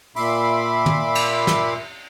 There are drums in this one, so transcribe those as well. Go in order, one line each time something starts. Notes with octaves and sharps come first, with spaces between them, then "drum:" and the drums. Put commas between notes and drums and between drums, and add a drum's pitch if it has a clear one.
A#2 E5 B5 C6 D6, drum: open hi-hat
drum: tom
drum: cymbal
drum: snare